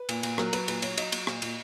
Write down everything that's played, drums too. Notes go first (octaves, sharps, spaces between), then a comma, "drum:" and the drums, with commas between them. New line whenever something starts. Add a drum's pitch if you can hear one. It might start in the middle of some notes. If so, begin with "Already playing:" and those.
Already playing: B4
A#2, drum: cymbal
A#2, drum: cymbal
F#3 A#4, drum: rim click
F#3 B4, drum: cymbal
A#2 B4, drum: cymbal
F#3 C#5, drum: cymbal
F#3 D#5, drum: cymbal
F#3, drum: cymbal
A#2, drum: rim click
A#2, drum: cymbal